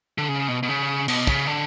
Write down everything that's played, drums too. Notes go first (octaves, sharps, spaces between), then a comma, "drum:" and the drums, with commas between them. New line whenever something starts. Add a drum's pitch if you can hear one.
D3
C#3
B2
B2
C#3
B2, drum: cymbal
C#3, drum: kick
D3